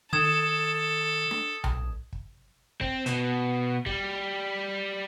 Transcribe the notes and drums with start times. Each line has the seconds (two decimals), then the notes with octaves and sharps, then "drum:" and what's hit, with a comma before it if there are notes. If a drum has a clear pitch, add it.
0.13 D#3 A4 D#6 G#6 E7
1.31 drum: snare D4
1.64 drum: tom B1
2.13 drum: kick
2.81 C4, drum: kick
3.06 B2, drum: hi-hat
3.86 G3, drum: kick